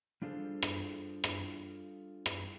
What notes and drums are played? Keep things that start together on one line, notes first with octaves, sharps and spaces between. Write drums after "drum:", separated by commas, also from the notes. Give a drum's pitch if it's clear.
G3 D4 F4 G#4 A4 C5
drum: rim click
drum: rim click
drum: rim click